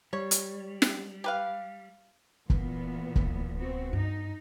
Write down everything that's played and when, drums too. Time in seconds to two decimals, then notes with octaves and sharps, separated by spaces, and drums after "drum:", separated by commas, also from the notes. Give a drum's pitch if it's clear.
0.13 G3 C#5
0.31 drum: hi-hat
0.82 drum: snare
1.24 G4 B4 F5
2.50 A#2 E3 B3, drum: kick
3.16 D1 C3, drum: kick
3.58 B3 C4 F#4
3.93 G2 D#4